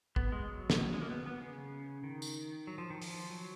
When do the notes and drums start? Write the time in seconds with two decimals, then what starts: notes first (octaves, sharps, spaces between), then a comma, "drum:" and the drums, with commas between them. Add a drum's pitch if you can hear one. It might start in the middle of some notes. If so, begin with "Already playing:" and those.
0.16 B3, drum: kick
0.32 G#3
0.48 F#3
0.70 drum: snare
0.94 G#3
1.01 A#3
1.10 B3
1.26 B3
1.42 C#3
2.04 D#3
2.22 drum: tambourine
2.67 F#3
2.78 F3
2.90 D#3
3.02 F3, drum: open hi-hat
3.30 F#3